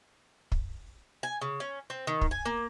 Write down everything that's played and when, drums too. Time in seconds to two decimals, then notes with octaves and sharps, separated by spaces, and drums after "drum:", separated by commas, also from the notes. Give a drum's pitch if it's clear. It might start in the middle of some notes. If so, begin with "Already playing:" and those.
0.52 drum: kick
1.23 G#5
1.41 C#3
1.60 C#4
1.90 C4
2.07 D#3
2.21 drum: kick
2.31 G#5
2.46 A#3